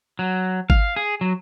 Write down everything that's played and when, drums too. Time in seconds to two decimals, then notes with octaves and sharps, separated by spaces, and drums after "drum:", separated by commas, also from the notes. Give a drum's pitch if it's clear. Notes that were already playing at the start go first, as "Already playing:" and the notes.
0.19 F#3
0.70 F5, drum: kick G#1
0.96 G#4
1.21 F#3